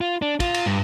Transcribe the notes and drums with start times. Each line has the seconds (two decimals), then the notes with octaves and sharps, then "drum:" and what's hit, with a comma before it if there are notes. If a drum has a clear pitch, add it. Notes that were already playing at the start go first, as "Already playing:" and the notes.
0.01 F4
0.22 D4
0.40 F4, drum: kick, cymbal
0.54 drum: cymbal
0.66 G2